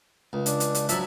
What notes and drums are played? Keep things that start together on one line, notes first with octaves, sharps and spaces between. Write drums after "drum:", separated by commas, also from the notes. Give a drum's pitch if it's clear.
C#2
D4, drum: hi-hat
drum: hi-hat
drum: hi-hat
F3 F#3 E5 A5, drum: hi-hat